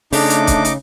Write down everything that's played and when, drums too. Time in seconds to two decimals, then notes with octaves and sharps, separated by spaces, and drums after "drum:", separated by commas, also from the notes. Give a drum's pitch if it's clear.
0.13 C#3 A3 D4 D#4 D6, drum: open hi-hat
0.30 drum: hi-hat
0.47 drum: kick, hi-hat
0.65 drum: hi-hat